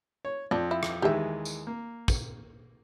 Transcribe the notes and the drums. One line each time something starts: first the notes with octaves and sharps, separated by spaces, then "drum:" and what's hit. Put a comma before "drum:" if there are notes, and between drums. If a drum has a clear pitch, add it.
C#5
F2 F3 D4
E4
drum: rim click
D#2 E3 G#3 G4 E5
drum: tambourine
A#3
drum: kick, tambourine